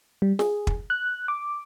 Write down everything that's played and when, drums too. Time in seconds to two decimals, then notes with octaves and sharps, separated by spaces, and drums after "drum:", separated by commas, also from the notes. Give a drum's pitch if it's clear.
0.22 G3
0.39 G#4, drum: snare
0.67 drum: kick
0.90 F#6
1.28 D6